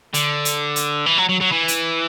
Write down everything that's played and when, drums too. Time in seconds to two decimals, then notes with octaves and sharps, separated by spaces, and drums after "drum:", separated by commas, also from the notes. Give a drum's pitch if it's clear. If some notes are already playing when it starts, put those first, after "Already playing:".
0.14 D3, drum: hi-hat
0.45 drum: hi-hat
0.76 drum: hi-hat
1.06 E3
1.18 F#3
1.29 F#3
1.41 F#3
1.52 E3
1.68 drum: hi-hat